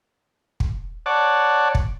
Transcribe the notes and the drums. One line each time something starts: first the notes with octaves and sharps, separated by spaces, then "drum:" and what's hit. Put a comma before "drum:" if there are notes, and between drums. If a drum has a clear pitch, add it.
drum: kick
C#5 D5 F#5 A5
drum: kick